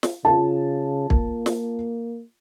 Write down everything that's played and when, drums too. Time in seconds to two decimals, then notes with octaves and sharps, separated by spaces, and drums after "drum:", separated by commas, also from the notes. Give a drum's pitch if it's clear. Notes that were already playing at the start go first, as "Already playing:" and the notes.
0.03 drum: snare
0.25 C#3 F4 A5
1.10 A#3, drum: kick
1.46 drum: snare